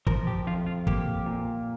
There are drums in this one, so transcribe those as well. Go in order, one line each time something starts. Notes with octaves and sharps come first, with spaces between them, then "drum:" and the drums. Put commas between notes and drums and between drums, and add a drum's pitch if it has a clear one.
F3 A#4, drum: kick
G4
F2 F4
F4
A#3 G4, drum: kick
A#2